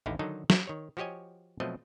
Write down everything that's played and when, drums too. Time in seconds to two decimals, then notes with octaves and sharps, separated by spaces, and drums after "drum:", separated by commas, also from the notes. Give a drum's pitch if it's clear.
0.06 A1 D#2 D3 D#4 E4 F5
0.19 D3 D#3 F#3 D#4 A4
0.50 A#5, drum: snare
0.67 D#3 C#5
0.97 F3 F#4 G4 C#5 D#5 G#5
1.60 B2 F3 F#3 A3 C4 D#5